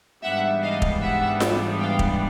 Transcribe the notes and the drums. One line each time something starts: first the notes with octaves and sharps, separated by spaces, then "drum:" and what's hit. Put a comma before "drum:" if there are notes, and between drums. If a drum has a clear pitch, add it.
G#2 E3 G3 B3 D4 E5 F#5
D#5 F5
drum: kick
E5 F#5
drum: snare F4
F5 G5
drum: kick